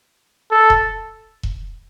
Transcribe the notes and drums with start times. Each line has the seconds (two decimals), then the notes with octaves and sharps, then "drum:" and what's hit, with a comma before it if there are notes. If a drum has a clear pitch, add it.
0.51 A4
0.70 drum: kick E1
1.43 drum: kick E1